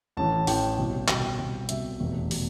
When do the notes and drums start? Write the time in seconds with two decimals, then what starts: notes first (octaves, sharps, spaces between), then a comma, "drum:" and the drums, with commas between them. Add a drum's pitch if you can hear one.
0.17 A1 A2 E3 A5
0.47 A1 A2 E3 G5, drum: open hi-hat
0.78 C2 B2
1.08 C2 B2 G5, drum: clap
1.38 C2 B2
1.69 C2 B2 E5, drum: hi-hat
2.00 F1 E2 B2
2.31 B2, drum: open hi-hat